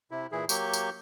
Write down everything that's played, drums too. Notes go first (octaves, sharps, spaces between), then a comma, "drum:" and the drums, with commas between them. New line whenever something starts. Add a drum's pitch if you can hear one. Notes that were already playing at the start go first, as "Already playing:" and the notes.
C3 E4
A#2 E3 E4 G#4
F#3 A#3 G4 C#6 G6, drum: tambourine
drum: tambourine